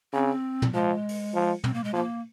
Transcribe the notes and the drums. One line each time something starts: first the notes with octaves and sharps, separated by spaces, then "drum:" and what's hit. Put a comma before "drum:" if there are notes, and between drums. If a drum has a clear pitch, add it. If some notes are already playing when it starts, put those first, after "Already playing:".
C#3 C4
drum: tom
F3 G#3
drum: open hi-hat
F3
C4, drum: tom
A#3
G#3
F3 A#3